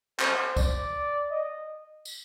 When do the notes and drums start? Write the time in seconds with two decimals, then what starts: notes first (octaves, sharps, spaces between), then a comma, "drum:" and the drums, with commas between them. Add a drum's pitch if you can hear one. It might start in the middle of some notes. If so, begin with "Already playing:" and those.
0.20 C5, drum: clap
0.57 D5, drum: kick, tambourine
1.31 D#5
2.05 drum: tambourine